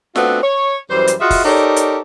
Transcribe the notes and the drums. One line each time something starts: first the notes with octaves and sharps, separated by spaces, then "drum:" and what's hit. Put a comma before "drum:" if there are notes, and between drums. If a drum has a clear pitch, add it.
A3 B3 C4 D4 F4 F#4, drum: snare
C#5
F#2 E3 G3 C5
drum: hi-hat
F4 F#4 G#4 D#5 E5
drum: kick, open hi-hat
D#4 G4 A4 A#4 C#5 D5
drum: hi-hat